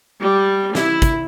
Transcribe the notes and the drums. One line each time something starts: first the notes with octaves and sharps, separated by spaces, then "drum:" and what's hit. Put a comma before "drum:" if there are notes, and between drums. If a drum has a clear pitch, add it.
G3
E4, drum: snare
drum: kick, hi-hat